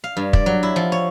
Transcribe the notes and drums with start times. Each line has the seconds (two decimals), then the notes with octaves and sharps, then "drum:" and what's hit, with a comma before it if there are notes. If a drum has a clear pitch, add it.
0.04 F5
0.17 G2
0.33 D5, drum: kick
0.46 F#3
0.63 E4
0.76 F3
0.92 C#5